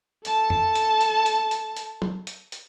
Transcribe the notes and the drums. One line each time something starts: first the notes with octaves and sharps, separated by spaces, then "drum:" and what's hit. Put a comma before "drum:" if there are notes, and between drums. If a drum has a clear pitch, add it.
A4 A5, drum: hi-hat
drum: tom
drum: hi-hat
drum: hi-hat
drum: hi-hat
drum: hi-hat
drum: hi-hat
drum: tom
drum: hi-hat
drum: hi-hat